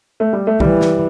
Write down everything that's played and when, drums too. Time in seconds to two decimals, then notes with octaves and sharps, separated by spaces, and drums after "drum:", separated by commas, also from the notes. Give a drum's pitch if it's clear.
0.20 A3
0.33 G3
0.47 A3
0.60 E3 G3, drum: kick B1
0.81 drum: snare